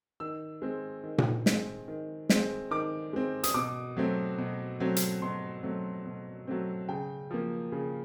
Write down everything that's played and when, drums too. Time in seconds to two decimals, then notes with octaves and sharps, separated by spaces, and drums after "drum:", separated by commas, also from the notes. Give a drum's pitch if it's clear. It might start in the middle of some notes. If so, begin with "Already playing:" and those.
0.20 D#3 E6
0.62 G#3 C4
1.04 D#3
1.18 drum: tom A#2
1.46 G#3 C4, drum: snare
1.88 D#3
2.29 G#3 C4, drum: snare
2.71 D#3 D6
3.13 G#3 C4
3.44 D#6, drum: hi-hat
3.54 B2 D6
3.97 F#3 A3 C4
4.38 B2
4.80 F#3 A3 C4
4.96 drum: hi-hat
5.22 B2 C6
5.63 F#3 A3 C4
6.06 B2
6.47 F#3 A3 C4
6.89 C#3 G5
7.31 F3 A#3
7.72 C#3